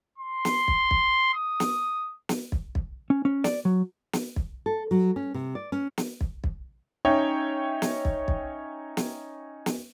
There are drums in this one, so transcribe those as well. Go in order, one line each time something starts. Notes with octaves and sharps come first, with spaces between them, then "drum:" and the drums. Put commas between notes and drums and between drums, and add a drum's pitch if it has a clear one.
C6
drum: snare
drum: kick
drum: kick
D#6
drum: snare
drum: snare
drum: kick
drum: kick
C#4
C#4
D5, drum: snare
F#3
drum: snare
drum: kick
A4
F#3
C#4
C3
D5
C#4
drum: snare
drum: kick
drum: kick
C#4 D#4 C#5 E5 G5
drum: snare
drum: kick
drum: kick
drum: snare
drum: snare